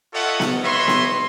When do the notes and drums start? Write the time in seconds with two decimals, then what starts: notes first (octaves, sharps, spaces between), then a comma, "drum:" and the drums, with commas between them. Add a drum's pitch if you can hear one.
0.14 F4 A4 C#5 D#5 E5 F#5
0.40 drum: snare B3
0.64 B4 C#5 D#5 E5 C6
0.88 drum: snare B3